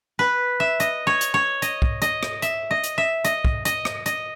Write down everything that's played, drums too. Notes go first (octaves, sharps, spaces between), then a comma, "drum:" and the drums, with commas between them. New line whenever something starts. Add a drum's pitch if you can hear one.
B4
E5
D#5, drum: hi-hat
C#5
drum: hi-hat
C#5
D#5, drum: hi-hat
drum: kick
D#5, drum: hi-hat
drum: rim click
E5, drum: hi-hat
D#5
drum: hi-hat
E5
D#5, drum: hi-hat
drum: kick
D#5, drum: hi-hat
drum: rim click
D#5, drum: hi-hat